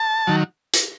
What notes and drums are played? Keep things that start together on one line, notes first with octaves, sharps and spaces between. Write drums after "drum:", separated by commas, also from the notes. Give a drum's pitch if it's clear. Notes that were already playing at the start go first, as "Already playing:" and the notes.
Already playing: A5
D#3 F#3
drum: hi-hat